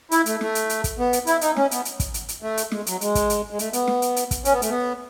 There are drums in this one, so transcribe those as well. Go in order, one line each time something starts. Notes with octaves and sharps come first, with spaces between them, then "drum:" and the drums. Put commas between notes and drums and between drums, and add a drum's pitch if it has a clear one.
E4, drum: hi-hat
A3, drum: hi-hat
A3, drum: snare
drum: hi-hat
drum: hi-hat
drum: kick, hi-hat
B3
drum: hi-hat
E4, drum: hi-hat
D#4, drum: hi-hat
C#4, drum: snare
B3, drum: hi-hat
drum: hi-hat
drum: kick, hi-hat
drum: hi-hat
drum: hi-hat
A3
drum: hi-hat
G#3, drum: snare
F#3, drum: hi-hat
G#3, drum: hi-hat
drum: kick, hi-hat
drum: hi-hat
G#3
A3, drum: hi-hat
B3, drum: hi-hat
drum: snare
drum: hi-hat
drum: hi-hat
drum: kick, hi-hat
C#4, drum: hi-hat
B3
A3, drum: hi-hat
B3